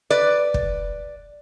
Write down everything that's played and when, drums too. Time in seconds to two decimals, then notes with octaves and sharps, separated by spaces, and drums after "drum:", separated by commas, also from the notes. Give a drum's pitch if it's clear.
0.10 B4 D5
0.54 drum: kick